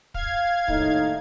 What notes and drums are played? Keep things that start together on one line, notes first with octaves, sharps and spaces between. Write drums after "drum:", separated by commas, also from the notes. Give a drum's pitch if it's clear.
F5 G#6, drum: kick
D#2 A2 D#4, drum: kick